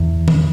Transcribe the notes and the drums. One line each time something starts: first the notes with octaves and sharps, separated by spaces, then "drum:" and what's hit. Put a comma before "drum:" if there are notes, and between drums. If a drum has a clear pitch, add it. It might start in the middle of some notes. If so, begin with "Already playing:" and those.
Already playing: E2
drum: tom D#3